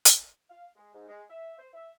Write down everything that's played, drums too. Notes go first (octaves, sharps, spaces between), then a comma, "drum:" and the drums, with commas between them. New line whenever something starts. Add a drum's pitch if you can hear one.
drum: hi-hat
F5
G#3
G#2
G#3
E5
C5
E5